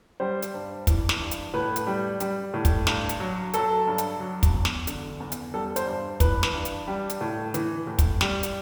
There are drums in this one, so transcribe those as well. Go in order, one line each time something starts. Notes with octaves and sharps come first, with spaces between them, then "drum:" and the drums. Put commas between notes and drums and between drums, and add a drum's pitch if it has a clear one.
G3 C5
drum: hi-hat
G2
E3, drum: kick, hi-hat
drum: snare
G2
drum: hi-hat
A2 B4
drum: hi-hat
G3
G3, drum: hi-hat
A2
drum: kick, hi-hat
G2, drum: snare
drum: hi-hat
F#3
F#3 A4, drum: hi-hat
G2
drum: hi-hat
F#3
drum: kick, hi-hat
E2
drum: snare
D3, drum: hi-hat
E2
drum: hi-hat
G3 A4
C5, drum: hi-hat
G2
E3 B4, drum: kick, hi-hat
drum: snare
G2
drum: hi-hat
G3
drum: hi-hat
A2
E3, drum: hi-hat
A2
drum: kick, hi-hat
G3, drum: snare
drum: hi-hat